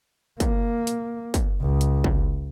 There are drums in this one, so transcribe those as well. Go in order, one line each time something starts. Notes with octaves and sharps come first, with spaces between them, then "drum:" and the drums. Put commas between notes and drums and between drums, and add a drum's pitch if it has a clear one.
A#3, drum: kick, hi-hat
drum: hi-hat
drum: kick, hi-hat
C#2
drum: hi-hat
drum: kick